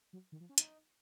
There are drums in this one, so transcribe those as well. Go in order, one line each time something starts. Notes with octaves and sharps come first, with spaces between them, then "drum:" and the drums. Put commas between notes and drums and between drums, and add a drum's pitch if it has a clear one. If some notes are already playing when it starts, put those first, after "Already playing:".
F#3
D#3
F3
C#4
D#4, drum: hi-hat